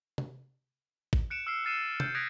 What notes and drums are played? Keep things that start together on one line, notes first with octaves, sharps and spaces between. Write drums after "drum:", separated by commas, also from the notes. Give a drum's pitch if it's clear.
drum: tom C3
drum: kick
F#6 C#7 D7 E7
E6 F6 C7
E6 F6 A6 C7 D#7 E7
A6
G6, drum: tom C3
D#6 F#6 G#6 A#6 B6 D7